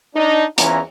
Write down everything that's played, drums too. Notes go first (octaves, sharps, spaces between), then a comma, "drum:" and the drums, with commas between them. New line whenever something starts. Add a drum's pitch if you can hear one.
D4 D#4
E2 E3 C#4 F4 A#5, drum: hi-hat